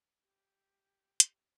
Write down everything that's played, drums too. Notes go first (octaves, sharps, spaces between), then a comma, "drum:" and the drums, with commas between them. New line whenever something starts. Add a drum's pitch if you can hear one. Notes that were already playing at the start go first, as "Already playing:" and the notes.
G4
drum: hi-hat